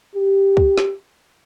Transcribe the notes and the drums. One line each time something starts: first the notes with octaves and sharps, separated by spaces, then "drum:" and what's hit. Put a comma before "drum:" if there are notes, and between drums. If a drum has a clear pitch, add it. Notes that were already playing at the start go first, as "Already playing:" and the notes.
G4
drum: kick
drum: snare